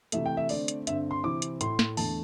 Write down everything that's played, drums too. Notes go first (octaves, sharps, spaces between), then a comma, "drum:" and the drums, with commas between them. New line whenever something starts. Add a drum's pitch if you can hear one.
C3 E3 A3 E5, drum: hi-hat
G5
E5
D3 A3 C4 D5, drum: open hi-hat
drum: hi-hat
G2 D3 C4 E5, drum: hi-hat
C6
C3 E3 C4 E4 D6
drum: hi-hat
A2 A3 E4 C6, drum: hi-hat
drum: snare
E2 D3 A3 A5, drum: open hi-hat